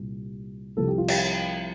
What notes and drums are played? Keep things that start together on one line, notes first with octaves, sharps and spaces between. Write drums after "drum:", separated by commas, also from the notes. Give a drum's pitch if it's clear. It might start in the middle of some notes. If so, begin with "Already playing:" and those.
Already playing: C2 A#2 G3
C2 C3 F3 A4
G4
F4
G4, drum: cymbal